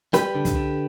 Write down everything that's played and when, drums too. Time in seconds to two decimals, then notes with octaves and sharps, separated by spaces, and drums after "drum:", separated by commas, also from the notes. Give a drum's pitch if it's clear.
0.13 G3 G4 B4, drum: hi-hat
0.35 D3
0.45 drum: kick, hi-hat
0.55 D3